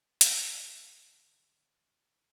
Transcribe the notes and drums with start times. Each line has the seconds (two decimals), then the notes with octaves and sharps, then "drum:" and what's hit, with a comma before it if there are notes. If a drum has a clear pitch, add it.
0.21 D3 A4 B4, drum: hi-hat